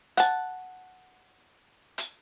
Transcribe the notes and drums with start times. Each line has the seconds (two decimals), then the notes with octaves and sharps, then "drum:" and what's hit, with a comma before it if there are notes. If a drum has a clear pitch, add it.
0.17 F#5 A5, drum: hi-hat
1.98 drum: hi-hat